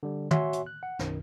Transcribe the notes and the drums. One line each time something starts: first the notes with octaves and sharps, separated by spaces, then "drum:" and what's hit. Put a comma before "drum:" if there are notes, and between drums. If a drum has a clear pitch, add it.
D3 G3
F#4 C#5 E5 G#5 C6, drum: tom
drum: hi-hat
F#6
F#5
B1 F#2 D#3, drum: snare